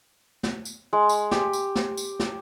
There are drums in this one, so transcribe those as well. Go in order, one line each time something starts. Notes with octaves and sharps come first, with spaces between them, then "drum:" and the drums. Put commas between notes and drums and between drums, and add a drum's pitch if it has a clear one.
drum: snare
drum: tambourine
G#3
drum: tambourine
G4, drum: snare
drum: tambourine
drum: snare
drum: tambourine
drum: snare